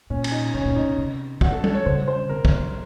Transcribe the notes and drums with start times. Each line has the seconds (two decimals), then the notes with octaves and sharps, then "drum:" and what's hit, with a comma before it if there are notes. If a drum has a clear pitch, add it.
0.10 A#2 C#4
0.24 C#4, drum: cymbal
0.32 D#4
0.54 C3 C#4
0.65 A#2 C#4
0.76 A#2 D#4
0.87 C3
0.98 C3
1.41 D#3 F#4, drum: kick
1.52 A4
1.64 A4, drum: tom G3
1.74 C#5
1.86 C#3 C5
2.08 C5
2.29 C3 A#4
2.45 C#3, drum: kick
2.59 D#3